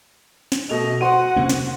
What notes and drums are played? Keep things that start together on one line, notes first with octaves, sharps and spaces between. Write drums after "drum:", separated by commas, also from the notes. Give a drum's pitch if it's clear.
drum: snare
B2 A3 D#5 F7
F#4 C5 F#5 C6 D#7
C3 A#3 C#4
drum: snare